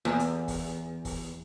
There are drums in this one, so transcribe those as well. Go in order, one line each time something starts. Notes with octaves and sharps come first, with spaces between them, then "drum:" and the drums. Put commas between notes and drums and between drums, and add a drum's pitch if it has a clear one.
E2
drum: hi-hat
drum: kick, open hi-hat
drum: kick, open hi-hat